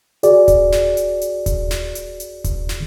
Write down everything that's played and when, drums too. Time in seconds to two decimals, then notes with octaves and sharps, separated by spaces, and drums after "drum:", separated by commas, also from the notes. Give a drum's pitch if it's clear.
0.23 F#4 G#4 D5, drum: hi-hat
0.48 drum: kick D#1, hi-hat
0.72 drum: snare
0.97 drum: hi-hat
1.21 drum: hi-hat
1.46 drum: kick D#1, hi-hat
1.71 drum: snare
1.95 drum: hi-hat
2.20 drum: hi-hat
2.44 drum: kick D#1, hi-hat
2.69 drum: snare